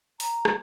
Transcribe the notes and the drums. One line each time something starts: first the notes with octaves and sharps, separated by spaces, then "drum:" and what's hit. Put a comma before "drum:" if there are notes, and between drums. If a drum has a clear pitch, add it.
A#5, drum: open hi-hat
drum: rim click